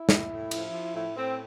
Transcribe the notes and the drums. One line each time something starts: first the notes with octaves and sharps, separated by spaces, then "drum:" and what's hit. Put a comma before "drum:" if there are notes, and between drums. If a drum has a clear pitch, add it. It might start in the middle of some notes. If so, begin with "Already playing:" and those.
Already playing: E4
A2, drum: snare
A2
F3, drum: cymbal
F3
A2 E4
A2 C4